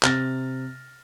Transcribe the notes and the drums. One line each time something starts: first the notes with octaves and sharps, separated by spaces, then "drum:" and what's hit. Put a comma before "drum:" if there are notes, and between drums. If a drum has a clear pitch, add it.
C3 F6 A6 A#6, drum: clap